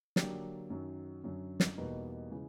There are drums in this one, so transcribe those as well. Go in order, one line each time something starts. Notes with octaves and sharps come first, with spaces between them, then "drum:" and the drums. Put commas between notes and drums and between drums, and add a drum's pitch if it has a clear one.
D3 F#3 A#3 D4 G4, drum: snare
F#2 D#3 F#3
F#2 D3 F#3
drum: snare
E2 B2 G3 A#3 D#4
C#3 E3 G#3